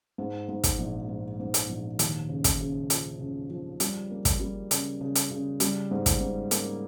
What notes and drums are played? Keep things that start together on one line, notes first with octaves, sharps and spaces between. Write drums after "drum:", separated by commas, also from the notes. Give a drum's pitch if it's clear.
G#2
G#2
drum: kick, hi-hat
A#1
G#2
G#2
drum: hi-hat
A#1
D#2, drum: hi-hat
C#3
drum: kick, hi-hat
C#3
F3, drum: hi-hat
C#3
F3
G3, drum: hi-hat
A#3
drum: kick, hi-hat
G3
C#3, drum: hi-hat
C#3
drum: hi-hat
C#3
G3, drum: hi-hat
G#2
drum: kick, hi-hat
G#2
A#3, drum: hi-hat